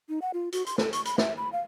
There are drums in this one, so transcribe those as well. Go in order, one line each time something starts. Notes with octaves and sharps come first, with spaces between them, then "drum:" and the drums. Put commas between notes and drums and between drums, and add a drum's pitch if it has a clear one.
D#4
F#5
F4
F#4, drum: hi-hat
C6, drum: hi-hat
A4, drum: snare
C#6, drum: hi-hat
B5, drum: hi-hat
E5, drum: snare
B5
F5